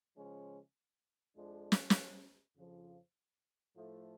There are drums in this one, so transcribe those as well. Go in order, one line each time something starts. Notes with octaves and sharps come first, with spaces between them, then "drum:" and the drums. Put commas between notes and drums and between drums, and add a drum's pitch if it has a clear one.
C#3 F3 G#3 C#4
F2 F3 G#3 D4
drum: snare
drum: snare
F2 C#3 F3
A2 F3 A3